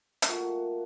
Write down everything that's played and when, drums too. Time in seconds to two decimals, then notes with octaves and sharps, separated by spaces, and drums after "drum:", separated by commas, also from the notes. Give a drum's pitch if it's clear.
0.22 A#2 F#3 A3 F#4, drum: hi-hat